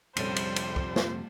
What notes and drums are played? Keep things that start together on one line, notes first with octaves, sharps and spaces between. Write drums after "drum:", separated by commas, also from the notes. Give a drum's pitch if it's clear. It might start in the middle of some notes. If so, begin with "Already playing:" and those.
A#1 F2 C3 G3 C#4 A4 C5, drum: cymbal
drum: cymbal
drum: cymbal
drum: kick
drum: snare